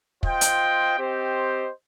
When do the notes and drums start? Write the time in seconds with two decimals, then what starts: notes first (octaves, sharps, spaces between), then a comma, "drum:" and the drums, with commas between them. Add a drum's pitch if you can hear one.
0.23 F4 C5 D#5 G5, drum: kick
0.41 drum: hi-hat
0.96 C4 G4 C5 D#5